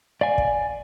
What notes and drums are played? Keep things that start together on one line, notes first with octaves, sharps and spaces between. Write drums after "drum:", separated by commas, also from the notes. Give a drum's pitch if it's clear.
D5 F5 G#5
drum: kick